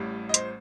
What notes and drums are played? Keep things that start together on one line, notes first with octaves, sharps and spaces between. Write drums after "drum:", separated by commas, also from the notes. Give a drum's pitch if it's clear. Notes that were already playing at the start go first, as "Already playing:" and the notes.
Already playing: A1 A2 G3
D#5
C5, drum: hi-hat